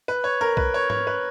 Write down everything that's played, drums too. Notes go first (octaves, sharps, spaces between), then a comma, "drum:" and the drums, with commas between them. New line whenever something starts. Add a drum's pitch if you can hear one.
B4
C#5
A#4
B4, drum: kick
C#5
C#5, drum: tom G#2
B4